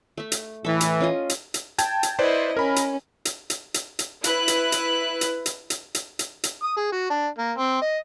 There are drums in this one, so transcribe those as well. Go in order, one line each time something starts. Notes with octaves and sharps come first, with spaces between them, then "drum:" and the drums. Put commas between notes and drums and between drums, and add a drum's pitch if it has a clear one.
A3 E5
drum: hi-hat
A2 E3 A4 E5
drum: hi-hat
C#4 F4 D#5
drum: hi-hat
drum: hi-hat
G5 A5 G#6, drum: hi-hat
drum: hi-hat
E4 B4 C5 D5 D#5
C#4 A#4 B5
drum: hi-hat
drum: hi-hat
drum: hi-hat
drum: hi-hat
drum: hi-hat
E4 B4 F#6, drum: hi-hat
drum: hi-hat
drum: hi-hat
drum: hi-hat
drum: hi-hat
drum: hi-hat
drum: hi-hat
drum: hi-hat
drum: hi-hat
D#6
G#4
F#4
D4
A#3
C4
D#5